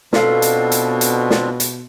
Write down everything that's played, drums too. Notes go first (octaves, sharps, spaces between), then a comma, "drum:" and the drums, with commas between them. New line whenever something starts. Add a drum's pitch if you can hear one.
B2 C4 D4 F4 A4 F5, drum: snare
drum: hi-hat
drum: hi-hat
drum: hi-hat
drum: snare
drum: hi-hat